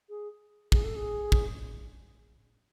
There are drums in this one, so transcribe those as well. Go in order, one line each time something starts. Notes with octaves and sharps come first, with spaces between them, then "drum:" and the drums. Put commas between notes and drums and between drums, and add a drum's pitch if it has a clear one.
G#4
G#4, drum: kick
A4
G#4
drum: kick